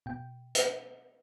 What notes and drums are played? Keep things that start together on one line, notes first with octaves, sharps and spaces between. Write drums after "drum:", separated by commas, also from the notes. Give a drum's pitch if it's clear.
B2 G5
drum: hi-hat